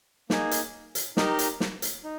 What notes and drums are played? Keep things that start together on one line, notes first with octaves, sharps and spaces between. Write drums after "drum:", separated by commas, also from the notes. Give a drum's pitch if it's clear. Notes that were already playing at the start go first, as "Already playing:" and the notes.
A#3 D#4 G#4, drum: snare
drum: hi-hat
drum: hi-hat
D#4 G4 A#4 D#5, drum: snare
drum: hi-hat
drum: snare
drum: hi-hat
D#4